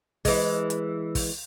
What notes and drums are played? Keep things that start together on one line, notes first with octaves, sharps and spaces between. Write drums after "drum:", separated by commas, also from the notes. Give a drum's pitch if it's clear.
E3 G#3, drum: kick, open hi-hat
drum: hi-hat
drum: kick, open hi-hat